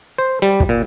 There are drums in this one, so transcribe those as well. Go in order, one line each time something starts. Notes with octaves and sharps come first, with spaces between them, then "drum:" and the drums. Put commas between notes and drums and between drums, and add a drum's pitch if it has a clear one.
C5
G3
drum: kick
A#2